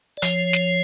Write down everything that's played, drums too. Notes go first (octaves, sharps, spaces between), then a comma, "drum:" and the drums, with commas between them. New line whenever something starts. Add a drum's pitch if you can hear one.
D5
F3 C#5, drum: hi-hat
drum: snare